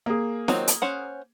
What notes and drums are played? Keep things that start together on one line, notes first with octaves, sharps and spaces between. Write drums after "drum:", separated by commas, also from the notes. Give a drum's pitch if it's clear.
A#3 G#4
D#3 F#3 C4, drum: snare
drum: hi-hat
C#4 C5 F#5